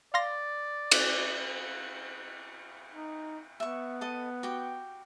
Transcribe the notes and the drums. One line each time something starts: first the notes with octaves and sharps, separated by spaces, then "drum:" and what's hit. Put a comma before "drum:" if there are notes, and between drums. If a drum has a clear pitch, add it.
D5 F5 C6 A#6
drum: cymbal
D#4
B3 E5 C#6
A4 D#5
F#4 G4 G5